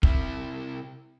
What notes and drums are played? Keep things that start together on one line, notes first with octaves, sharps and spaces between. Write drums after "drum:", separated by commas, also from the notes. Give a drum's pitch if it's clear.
C3 E4, drum: kick